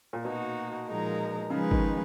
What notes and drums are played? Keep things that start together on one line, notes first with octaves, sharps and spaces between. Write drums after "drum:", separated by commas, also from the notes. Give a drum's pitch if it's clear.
A#2
B2 A#3 D#4 F#4
A#2 F3 G#3 D#4 A#4
C#3 F3 G#3 D#4 G#4 B4
D#3, drum: kick G1